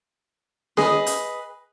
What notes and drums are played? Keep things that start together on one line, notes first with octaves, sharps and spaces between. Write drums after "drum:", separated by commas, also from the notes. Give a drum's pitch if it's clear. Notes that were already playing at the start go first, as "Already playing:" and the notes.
G#4 B4 D#5, drum: snare C#4
drum: hi-hat